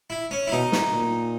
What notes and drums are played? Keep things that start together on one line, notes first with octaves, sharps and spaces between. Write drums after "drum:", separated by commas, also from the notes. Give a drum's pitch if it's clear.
E4
C#4
E4
B2 D#4
drum: snare
A#2